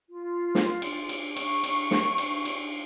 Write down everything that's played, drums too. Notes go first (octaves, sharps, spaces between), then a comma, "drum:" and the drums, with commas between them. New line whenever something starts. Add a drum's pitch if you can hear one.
F4
drum: snare
drum: cymbal
drum: cymbal
C#6, drum: cymbal
drum: cymbal
drum: snare
drum: cymbal
drum: cymbal